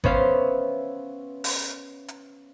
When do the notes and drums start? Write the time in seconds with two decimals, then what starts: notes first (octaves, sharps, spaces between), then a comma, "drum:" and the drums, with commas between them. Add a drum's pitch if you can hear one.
0.04 B3 C#4 C5 E5 F5, drum: kick G#1
1.44 drum: open hi-hat
2.08 drum: hi-hat